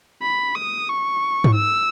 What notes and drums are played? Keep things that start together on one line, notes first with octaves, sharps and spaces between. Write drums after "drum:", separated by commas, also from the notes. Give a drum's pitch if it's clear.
B5
D#6
C#6
drum: tom G#2
E6